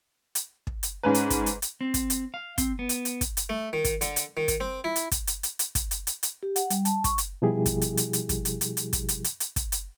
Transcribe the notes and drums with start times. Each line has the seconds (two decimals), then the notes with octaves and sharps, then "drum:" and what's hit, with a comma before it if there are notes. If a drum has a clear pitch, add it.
0.35 drum: hi-hat
0.67 drum: kick
0.83 drum: hi-hat
1.03 G#2 C#4 B4
1.14 drum: hi-hat
1.30 drum: kick, hi-hat
1.46 drum: hi-hat
1.62 drum: hi-hat
1.81 C4
1.94 drum: kick, hi-hat
2.10 drum: hi-hat
2.34 F5
2.58 C4, drum: kick, hi-hat
2.79 B3
2.89 drum: hi-hat
3.05 drum: hi-hat
3.21 drum: kick, hi-hat
3.37 drum: hi-hat
3.49 A3
3.73 D#3
3.84 drum: kick, hi-hat
4.01 D3, drum: hi-hat
4.16 drum: hi-hat
4.37 D#3
4.48 drum: kick, hi-hat
4.60 C4
4.84 E4
4.96 drum: hi-hat
5.12 drum: kick, hi-hat
5.27 drum: hi-hat
5.43 drum: hi-hat
5.59 drum: hi-hat
5.75 drum: kick, hi-hat
5.91 drum: hi-hat
6.07 drum: hi-hat
6.23 drum: hi-hat
6.43 G4
6.56 F#5, drum: hi-hat
6.70 G3, drum: hi-hat
6.85 A5, drum: hi-hat
7.04 C#6, drum: kick, hi-hat
7.18 drum: hi-hat
7.42 B2 F3 G3 E4 G4 G#4
7.66 drum: kick, hi-hat
7.81 drum: hi-hat
7.97 drum: hi-hat
8.13 drum: hi-hat
8.29 drum: kick, hi-hat
8.45 drum: hi-hat
8.61 drum: hi-hat
8.77 drum: hi-hat
8.93 drum: kick, hi-hat
9.09 drum: hi-hat
9.24 drum: hi-hat
9.40 drum: hi-hat
9.56 drum: kick, hi-hat
9.72 drum: hi-hat